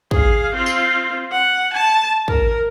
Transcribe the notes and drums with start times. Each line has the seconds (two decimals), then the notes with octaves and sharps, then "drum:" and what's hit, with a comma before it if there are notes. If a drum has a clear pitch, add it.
0.11 G#4 F5, drum: kick
0.55 C4 F4
0.66 drum: tambourine
1.32 F#5
1.73 A5
2.28 A#4, drum: kick